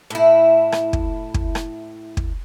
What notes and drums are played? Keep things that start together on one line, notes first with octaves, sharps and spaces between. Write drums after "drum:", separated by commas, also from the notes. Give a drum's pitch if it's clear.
A2 E4
drum: rim click
drum: kick
drum: kick
drum: rim click
drum: kick